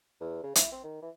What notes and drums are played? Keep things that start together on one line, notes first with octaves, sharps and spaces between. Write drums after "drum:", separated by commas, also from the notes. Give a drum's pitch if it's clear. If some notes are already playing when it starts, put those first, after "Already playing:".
E2
C#3
E4, drum: hi-hat
C4
D#3
E3